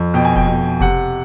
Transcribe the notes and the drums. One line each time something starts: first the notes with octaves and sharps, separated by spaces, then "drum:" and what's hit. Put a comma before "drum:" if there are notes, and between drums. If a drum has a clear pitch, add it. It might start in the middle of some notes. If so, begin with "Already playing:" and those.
Already playing: F2
B2 G5
G#5
G5, drum: kick F1
B2
C3 F#5, drum: kick F1